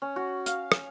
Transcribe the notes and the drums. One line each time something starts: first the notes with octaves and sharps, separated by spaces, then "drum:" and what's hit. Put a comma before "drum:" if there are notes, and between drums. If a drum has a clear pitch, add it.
C#4
F#4
F5, drum: hi-hat
drum: rim click